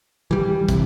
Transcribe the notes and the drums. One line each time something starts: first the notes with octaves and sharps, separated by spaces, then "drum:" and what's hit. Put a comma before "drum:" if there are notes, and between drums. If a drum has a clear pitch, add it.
E3 G3
C3, drum: kick, hi-hat